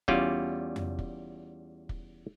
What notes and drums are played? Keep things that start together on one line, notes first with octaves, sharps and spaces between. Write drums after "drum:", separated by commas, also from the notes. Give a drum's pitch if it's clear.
E2 G3 C#4 F4 D5, drum: kick
drum: tom F2
drum: kick
drum: kick